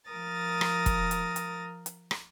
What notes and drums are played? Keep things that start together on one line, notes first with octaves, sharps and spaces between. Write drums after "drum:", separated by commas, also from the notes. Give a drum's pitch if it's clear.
F3 A#4 D#6 F6 A6 A#6
drum: rim click
drum: kick, hi-hat
drum: hi-hat
drum: hi-hat
drum: hi-hat
drum: rim click